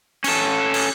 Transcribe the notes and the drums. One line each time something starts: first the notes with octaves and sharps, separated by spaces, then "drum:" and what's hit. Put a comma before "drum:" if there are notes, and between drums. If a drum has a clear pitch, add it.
C#4 A4, drum: cymbal
drum: cymbal